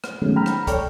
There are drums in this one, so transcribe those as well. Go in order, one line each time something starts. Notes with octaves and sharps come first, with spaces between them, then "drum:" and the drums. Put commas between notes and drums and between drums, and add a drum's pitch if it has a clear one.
drum: rim click
D#3 F#3 G#3 A3 B3 C#4
G5 A#5 B5 F6
drum: rim click
A4 C#5 D5 G5 C#6, drum: kick, hi-hat